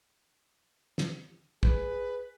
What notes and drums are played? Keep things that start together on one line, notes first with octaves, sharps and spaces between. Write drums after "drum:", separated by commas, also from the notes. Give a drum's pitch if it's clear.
drum: snare
G#4 B4, drum: kick